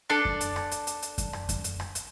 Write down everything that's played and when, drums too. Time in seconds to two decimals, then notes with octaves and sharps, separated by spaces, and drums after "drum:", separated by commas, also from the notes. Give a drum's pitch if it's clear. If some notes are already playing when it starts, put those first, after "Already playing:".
0.10 D4 A4 D5, drum: rim click
0.25 drum: kick F#2
0.41 drum: hi-hat
0.56 drum: rim click
0.71 drum: hi-hat
0.87 drum: hi-hat
1.02 drum: hi-hat
1.18 drum: kick F#2, hi-hat
1.33 drum: rim click
1.49 drum: kick F#2, hi-hat
1.64 drum: hi-hat
1.80 drum: rim click
1.95 drum: hi-hat